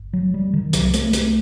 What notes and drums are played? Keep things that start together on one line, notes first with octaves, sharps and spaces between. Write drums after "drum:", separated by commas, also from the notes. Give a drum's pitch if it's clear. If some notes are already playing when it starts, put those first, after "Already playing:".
Already playing: G1
F#3
G3
D#3
C2 C3 F#3, drum: hi-hat
A3, drum: hi-hat
A3, drum: hi-hat